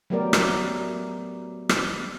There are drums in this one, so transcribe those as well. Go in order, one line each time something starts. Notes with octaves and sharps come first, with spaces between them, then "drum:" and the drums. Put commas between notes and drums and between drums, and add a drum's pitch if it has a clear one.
F#3 A3 B3 G4 A#4 D5
drum: rim click
drum: rim click